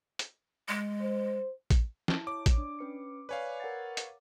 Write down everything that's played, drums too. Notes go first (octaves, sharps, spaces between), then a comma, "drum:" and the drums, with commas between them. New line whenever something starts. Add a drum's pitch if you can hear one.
drum: hi-hat
G#3
C5
drum: kick A1, hi-hat
E4 A5, drum: snare
C#5 D6
drum: kick A1, hi-hat
D4
C#4 B4 C#7
B4 C#5 D5 F5 G#5
A#4 F#5 A6
drum: hi-hat